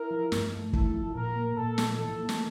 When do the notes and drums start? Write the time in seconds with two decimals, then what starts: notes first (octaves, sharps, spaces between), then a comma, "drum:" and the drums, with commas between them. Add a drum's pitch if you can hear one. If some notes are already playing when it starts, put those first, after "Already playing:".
Already playing: E4 A#4
0.10 F3
0.32 G2, drum: snare
0.52 A3
0.73 E4 A4, drum: kick
0.94 F3
1.15 A#2 A#4
1.36 A#3
1.56 A#2 A4
1.78 F3, drum: snare
1.98 E3 A4
2.19 A#3
2.29 drum: snare